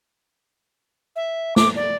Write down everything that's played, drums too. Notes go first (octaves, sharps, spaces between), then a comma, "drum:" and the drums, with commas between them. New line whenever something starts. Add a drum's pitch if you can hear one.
E5
D6, drum: snare
D5